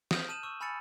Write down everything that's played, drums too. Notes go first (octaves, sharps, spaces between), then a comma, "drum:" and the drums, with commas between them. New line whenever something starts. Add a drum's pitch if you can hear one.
D#6 F6 G6, drum: snare
A5 F6 D#7 E7 F#7
C#6 E6
G#5 B5 E6 F6 A6 C#7